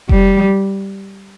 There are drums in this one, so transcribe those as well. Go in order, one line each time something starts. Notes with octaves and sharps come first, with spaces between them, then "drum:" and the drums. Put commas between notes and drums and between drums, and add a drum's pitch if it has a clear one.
G3, drum: kick F1